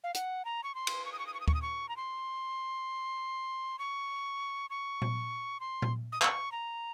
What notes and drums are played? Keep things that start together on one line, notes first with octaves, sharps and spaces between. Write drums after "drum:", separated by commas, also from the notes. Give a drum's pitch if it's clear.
F5
F#5, drum: hi-hat
A#5
C#6
C6
drum: cymbal
C#6
D#6
C#6
D#6
C#6
D#6
C#6, drum: kick D2
D#6
C#6
A#5
C6
C#6
C#6
drum: tom A#2
C6
drum: tom A#2
D#6
C#6, drum: clap
A#5